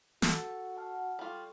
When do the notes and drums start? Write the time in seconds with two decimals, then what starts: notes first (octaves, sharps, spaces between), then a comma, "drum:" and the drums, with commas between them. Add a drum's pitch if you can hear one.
0.22 F#4 A4, drum: snare
0.77 F#5 A5 F6
1.19 G3 F4 A4 C#6